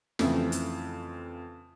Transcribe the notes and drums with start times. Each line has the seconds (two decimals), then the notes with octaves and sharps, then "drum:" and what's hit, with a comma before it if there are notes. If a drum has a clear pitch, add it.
0.19 F2 C#3 E3 A3 C4, drum: snare
0.52 drum: hi-hat